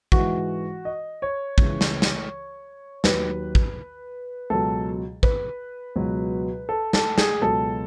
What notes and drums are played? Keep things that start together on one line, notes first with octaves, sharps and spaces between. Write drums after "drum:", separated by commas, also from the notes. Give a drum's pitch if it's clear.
G#2 E3 F#4, drum: kick
D#5
C#5
C#2 C#3 E3, drum: kick
drum: snare
drum: snare
D#2 D#3 F#3 B4, drum: snare
drum: kick
C#2 B2 F#3 A4
B4, drum: kick
C#2 B2 F#3
A4
A4, drum: snare
G#4, drum: snare
C#2 B2 F#3 A4